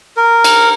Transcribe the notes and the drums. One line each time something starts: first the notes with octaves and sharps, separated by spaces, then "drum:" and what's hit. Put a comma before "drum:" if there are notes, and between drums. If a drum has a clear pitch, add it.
A#4
drum: cymbal